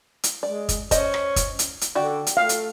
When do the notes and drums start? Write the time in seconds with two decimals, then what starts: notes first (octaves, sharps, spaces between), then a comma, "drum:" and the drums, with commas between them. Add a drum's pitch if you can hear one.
0.23 drum: hi-hat
0.43 G#3 D5
0.69 drum: kick, hi-hat
0.91 C#4 C5 D5 D#5, drum: kick, hi-hat
1.14 drum: rim click
1.36 drum: kick, hi-hat
1.59 drum: hi-hat
1.81 drum: hi-hat
1.95 D3 F#4 D5 G5
2.27 drum: hi-hat
2.37 A3 F5
2.49 drum: hi-hat